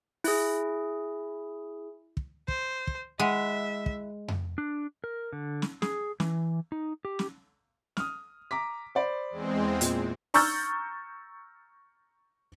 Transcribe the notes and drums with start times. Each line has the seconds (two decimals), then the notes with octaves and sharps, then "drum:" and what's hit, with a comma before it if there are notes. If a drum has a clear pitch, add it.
0.24 E4 G#4, drum: open hi-hat
2.17 drum: kick
2.48 C5, drum: kick
2.87 drum: kick
3.19 G#3 E4 E5 F#5 D#6
3.86 drum: kick
4.28 drum: tom F2
4.58 D4
5.04 A#4
5.33 D3
5.62 drum: snare
5.82 G#4, drum: snare
6.20 E3, drum: snare
6.72 D#4
7.05 G4
7.19 drum: snare
7.97 D#6 F6, drum: snare
8.51 A#5 D6 B6
8.95 C5 D5 B5
9.30 E2 G#3 C4
9.81 A#2, drum: hi-hat
10.34 A#5 C#6 E6 F6 G6 A6, drum: open hi-hat